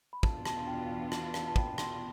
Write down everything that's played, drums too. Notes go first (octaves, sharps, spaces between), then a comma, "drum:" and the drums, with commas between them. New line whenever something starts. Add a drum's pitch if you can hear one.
B5
E2 B2 B3 D4 F4 A5, drum: kick
A5, drum: rim click
G5
A5
A5, drum: rim click
A5, drum: rim click
A5
G5 B5, drum: kick
A5 C6, drum: rim click